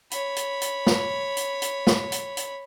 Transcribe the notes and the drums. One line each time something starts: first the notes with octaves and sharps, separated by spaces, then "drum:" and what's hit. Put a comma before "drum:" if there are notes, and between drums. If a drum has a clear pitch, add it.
C#5 B5, drum: hi-hat
drum: hi-hat
drum: hi-hat
drum: snare
drum: hi-hat
drum: hi-hat
drum: snare
drum: hi-hat
drum: hi-hat